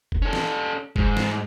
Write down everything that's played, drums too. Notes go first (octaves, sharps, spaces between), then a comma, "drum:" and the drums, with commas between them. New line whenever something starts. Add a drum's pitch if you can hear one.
drum: kick F#1
C#4 A4
drum: snare
G#2, drum: kick F#1
drum: snare